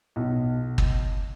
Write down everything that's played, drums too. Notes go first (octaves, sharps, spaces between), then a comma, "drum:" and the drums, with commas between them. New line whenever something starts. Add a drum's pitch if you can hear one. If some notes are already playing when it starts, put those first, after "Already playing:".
B1
drum: kick